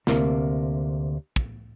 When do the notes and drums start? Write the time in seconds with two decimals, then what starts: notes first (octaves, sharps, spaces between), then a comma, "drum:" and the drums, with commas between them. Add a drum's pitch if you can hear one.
0.07 D2 C3 A#3, drum: snare
1.36 drum: kick